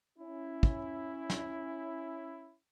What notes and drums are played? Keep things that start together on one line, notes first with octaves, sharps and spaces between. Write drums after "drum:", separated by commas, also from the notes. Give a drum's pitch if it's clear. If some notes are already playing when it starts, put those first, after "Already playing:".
C#4 E4
drum: kick
drum: snare